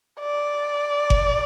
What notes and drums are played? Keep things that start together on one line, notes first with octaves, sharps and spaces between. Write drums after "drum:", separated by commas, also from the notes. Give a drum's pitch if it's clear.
D5
drum: kick G1